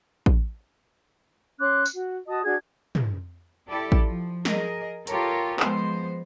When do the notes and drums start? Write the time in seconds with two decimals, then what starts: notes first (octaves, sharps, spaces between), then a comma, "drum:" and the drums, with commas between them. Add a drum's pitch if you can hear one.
0.26 drum: kick A1
1.59 C#4 C6 D6 F#6
1.86 drum: tambourine
1.95 F#4
2.27 F#4 D#5 A5 D#6
2.43 D4 F#4 G#4 G#6
2.95 drum: tom
3.68 E4 G4 A4 D5
3.92 drum: kick A1
4.06 F3
4.45 G#4 A#4 D#5, drum: snare
5.07 F4 G4 A4 A#4 C#5, drum: hi-hat
5.60 F3 G#3 B3 C5, drum: clap